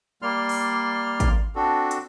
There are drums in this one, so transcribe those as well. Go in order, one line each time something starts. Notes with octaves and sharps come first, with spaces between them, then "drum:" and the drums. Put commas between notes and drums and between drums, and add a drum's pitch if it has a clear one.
G3 A#3 D5 C6 F6
drum: open hi-hat
drum: kick G#1, hi-hat
C4 D4 F#4 A4
drum: hi-hat